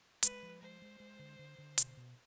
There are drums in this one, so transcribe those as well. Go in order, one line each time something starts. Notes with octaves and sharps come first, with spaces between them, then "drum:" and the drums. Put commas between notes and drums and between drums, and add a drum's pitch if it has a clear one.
G#3 B4, drum: hi-hat
F3
G#3 C5
G#3
G#3
D3
D3
D3
B2, drum: hi-hat
B2